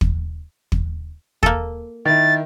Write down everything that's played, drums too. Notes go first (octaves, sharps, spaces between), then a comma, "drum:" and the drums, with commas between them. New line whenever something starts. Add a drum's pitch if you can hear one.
drum: kick
drum: kick
A#3 A4, drum: kick
D#3 E4 A6